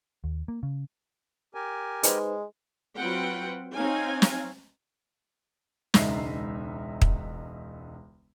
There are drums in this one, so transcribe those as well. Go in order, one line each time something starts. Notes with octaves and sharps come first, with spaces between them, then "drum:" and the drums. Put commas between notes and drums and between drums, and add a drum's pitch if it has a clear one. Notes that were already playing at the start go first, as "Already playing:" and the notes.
D#2
A#3
C#3
G4 A#4 G#5
G#3 D#4 B4 C5, drum: hi-hat
F#3 C4 F4 B4 F#5 G5
C4 D#4 C#5 F5 G#5
drum: snare
E1 C#2 D#4 E5 C7, drum: snare
drum: kick